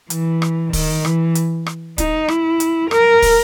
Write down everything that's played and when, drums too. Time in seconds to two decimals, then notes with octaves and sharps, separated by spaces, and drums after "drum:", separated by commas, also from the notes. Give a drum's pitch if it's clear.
0.10 E3, drum: hi-hat
0.42 drum: rim click
0.73 D#3, drum: kick, open hi-hat
1.05 E3, drum: rim click
1.35 drum: hi-hat
1.66 drum: rim click
1.98 D#4, drum: kick, hi-hat
2.28 E4, drum: rim click
2.60 drum: hi-hat
2.91 A#4, drum: rim click
3.22 drum: kick, open hi-hat